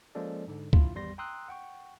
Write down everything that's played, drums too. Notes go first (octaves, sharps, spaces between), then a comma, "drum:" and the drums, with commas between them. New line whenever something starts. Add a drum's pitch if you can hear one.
F3 G#3 A#3 C#4 A4 D5
G#2 D3
G2 E4 F4, drum: kick
G#1 E2 G3 C6 A#6
G5 A#5 C6 D#6 E6 F#6
F#5 G5 C#6